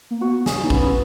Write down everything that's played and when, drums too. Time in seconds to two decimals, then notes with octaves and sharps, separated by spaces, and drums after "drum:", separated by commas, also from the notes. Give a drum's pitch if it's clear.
0.11 A#3
0.21 B3 F#4
0.46 G#4, drum: snare
0.63 D#4
0.70 B3 C#4, drum: kick